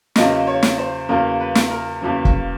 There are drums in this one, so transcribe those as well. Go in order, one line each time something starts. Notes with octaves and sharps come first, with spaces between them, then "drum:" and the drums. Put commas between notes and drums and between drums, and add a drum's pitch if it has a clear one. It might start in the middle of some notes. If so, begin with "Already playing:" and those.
E2 C#3 F#3 A#3 D#5, drum: snare
C#5
drum: snare
C5
E2 C#3 F#3 A#3 A#4
B4
drum: snare
A#4
E2 C#3 F#3 A#3
drum: kick